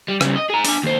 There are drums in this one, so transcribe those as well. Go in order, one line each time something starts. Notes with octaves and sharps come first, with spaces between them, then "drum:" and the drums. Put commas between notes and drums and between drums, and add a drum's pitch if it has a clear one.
G3
C#3 G3, drum: rim click
D#5
G#4 A#5
D4 G#5, drum: open hi-hat
D#2 C5